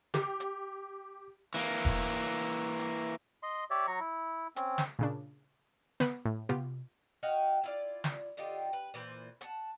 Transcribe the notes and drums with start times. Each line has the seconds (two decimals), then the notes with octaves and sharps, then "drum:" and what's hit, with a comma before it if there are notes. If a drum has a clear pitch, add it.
0.14 G4, drum: snare
0.40 drum: hi-hat
1.54 E3 A#3, drum: open hi-hat
1.85 drum: kick E1
2.79 drum: hi-hat
3.43 D#5 C6
3.70 G4 C#5 D5 E5
3.87 F#3 A#5 C#6
4.00 E4
4.56 C4 C#4, drum: hi-hat
4.78 drum: snare
4.99 A#2 C#3 D4
6.00 B3 B4 B5 F#6, drum: snare
6.25 A2
6.49 B3 F4 G4, drum: tom C3
7.23 F#4 D#5 F5 G5
7.64 E4 F4 D5
8.04 drum: snare
8.37 D3 D#4 F4 G4
8.73 B4
8.94 A#2 E3 B4 C5
9.41 F#5 A5, drum: hi-hat